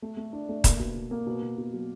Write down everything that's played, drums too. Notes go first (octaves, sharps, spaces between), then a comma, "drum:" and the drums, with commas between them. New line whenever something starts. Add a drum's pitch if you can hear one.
A3
A3
D4
A3
A#3, drum: kick D#1, hi-hat
B2
B2
A#3
B2
B2
B2
F#3